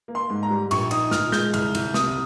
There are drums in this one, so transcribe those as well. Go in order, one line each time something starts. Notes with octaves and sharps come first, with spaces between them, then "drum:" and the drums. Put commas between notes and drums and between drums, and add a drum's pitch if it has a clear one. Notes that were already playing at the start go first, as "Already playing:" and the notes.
A#3
C6
G#2
A#5
G3
A#1 C#6, drum: cymbal
D#4 D#6, drum: cymbal
A#2 F6, drum: snare
G#3 G6, drum: snare
C2 F6, drum: cymbal
C2, drum: cymbal
C3 D#6, drum: snare